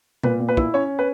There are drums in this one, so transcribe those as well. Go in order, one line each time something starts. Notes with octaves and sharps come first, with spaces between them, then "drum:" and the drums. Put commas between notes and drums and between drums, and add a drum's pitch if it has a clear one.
A#2 B4, drum: tom B2
A#2
B4
E4, drum: kick
C#4 C#5
B4